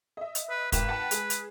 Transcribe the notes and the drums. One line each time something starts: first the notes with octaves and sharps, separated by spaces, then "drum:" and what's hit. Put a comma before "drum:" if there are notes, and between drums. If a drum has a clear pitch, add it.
D#5 E5
drum: hi-hat
B4
G#1 B4 G5 E7, drum: kick, hi-hat
F#5 G5 A5
G#3 G#4, drum: hi-hat
drum: hi-hat